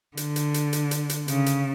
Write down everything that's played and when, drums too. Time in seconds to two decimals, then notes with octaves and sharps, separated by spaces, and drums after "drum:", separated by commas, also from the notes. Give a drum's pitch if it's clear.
0.17 D3, drum: hi-hat
0.36 drum: hi-hat
0.54 drum: hi-hat
0.73 drum: hi-hat
0.91 drum: hi-hat
1.10 drum: hi-hat
1.28 C#3, drum: hi-hat
1.46 drum: hi-hat